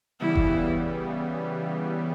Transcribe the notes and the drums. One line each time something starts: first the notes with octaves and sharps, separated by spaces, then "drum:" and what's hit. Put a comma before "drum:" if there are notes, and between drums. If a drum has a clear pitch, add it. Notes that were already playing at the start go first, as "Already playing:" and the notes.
C#3 E3 G3 B3 E4
drum: kick F#1